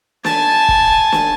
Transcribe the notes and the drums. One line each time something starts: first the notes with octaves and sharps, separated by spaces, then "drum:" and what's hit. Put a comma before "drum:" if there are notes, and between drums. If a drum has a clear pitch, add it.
G#5 A5, drum: snare
drum: kick
drum: snare